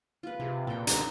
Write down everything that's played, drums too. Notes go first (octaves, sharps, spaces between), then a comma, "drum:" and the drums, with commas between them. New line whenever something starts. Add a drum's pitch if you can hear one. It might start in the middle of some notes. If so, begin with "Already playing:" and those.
F4 B4
C3 G#4
A#2 A4 G5
D3 D#4 C5 D#5, drum: hi-hat